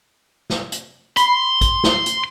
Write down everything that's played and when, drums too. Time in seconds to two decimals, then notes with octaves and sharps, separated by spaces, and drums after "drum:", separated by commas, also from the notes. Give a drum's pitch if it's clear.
0.50 drum: snare
0.72 drum: hi-hat
1.17 B5 C6, drum: hi-hat
1.61 drum: kick, hi-hat
1.84 drum: snare
2.06 drum: hi-hat